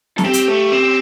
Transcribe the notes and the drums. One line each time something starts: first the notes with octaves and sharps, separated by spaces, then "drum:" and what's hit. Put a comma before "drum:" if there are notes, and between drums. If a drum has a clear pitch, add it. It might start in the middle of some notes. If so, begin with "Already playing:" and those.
A4, drum: snare
C4 G4
drum: hi-hat
A3
C4